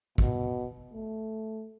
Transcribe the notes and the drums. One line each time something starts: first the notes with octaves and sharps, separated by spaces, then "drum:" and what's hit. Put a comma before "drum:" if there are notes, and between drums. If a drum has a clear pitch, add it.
B2, drum: kick
A3